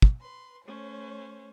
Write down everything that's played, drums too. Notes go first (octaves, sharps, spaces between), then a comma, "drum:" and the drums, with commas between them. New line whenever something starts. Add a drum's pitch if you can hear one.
drum: kick
B4 C6
A3 C#4 C5 C#5